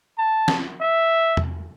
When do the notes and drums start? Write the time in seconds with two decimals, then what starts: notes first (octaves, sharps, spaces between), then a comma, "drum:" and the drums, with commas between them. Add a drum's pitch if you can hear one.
0.18 A5
0.48 drum: snare
0.81 E5
1.37 drum: tom E2